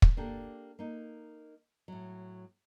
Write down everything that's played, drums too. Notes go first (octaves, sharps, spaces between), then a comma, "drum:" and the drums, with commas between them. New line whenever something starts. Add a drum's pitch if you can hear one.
drum: kick
A#3 D4 G4 A4
A#3 D#4
A2 F#3